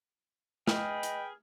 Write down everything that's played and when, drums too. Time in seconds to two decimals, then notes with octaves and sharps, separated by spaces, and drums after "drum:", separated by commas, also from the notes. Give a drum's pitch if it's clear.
0.67 G#4 B4 D#5 G5 F6, drum: snare
1.03 drum: hi-hat